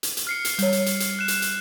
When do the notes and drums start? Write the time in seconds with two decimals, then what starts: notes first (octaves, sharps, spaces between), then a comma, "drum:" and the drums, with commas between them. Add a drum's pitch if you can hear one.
0.03 drum: hi-hat
0.17 drum: hi-hat
0.27 F6 C7 C#7
0.45 drum: hi-hat
0.59 G3 C#5, drum: hi-hat
0.72 drum: hi-hat
0.86 drum: hi-hat
1.00 drum: hi-hat
1.19 F#6 E7
1.28 drum: hi-hat
1.42 drum: hi-hat